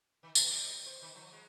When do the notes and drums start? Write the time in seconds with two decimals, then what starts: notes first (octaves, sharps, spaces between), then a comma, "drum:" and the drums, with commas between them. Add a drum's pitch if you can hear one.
0.23 D#3
0.35 B2, drum: tambourine
0.49 G3
0.66 D#5
0.86 C5
1.02 D#3
1.15 F3
1.32 G#3